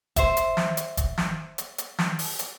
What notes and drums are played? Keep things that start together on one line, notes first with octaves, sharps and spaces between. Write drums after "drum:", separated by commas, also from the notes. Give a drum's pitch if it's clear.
C5 E5, drum: kick, hi-hat
drum: hi-hat
drum: snare
drum: hi-hat
drum: kick, hi-hat
drum: snare
drum: hi-hat
drum: hi-hat
drum: snare
drum: open hi-hat
drum: hi-hat